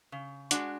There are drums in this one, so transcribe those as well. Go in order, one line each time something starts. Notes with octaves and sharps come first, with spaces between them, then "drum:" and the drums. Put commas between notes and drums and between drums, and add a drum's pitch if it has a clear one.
C#3
G#3 D4 F#4, drum: hi-hat